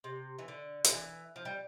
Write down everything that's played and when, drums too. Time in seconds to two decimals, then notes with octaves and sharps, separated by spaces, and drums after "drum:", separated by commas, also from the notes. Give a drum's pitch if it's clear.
0.04 C3
0.39 E3
0.48 D3
0.84 D3, drum: hi-hat
0.92 E3
1.36 F3
1.45 G3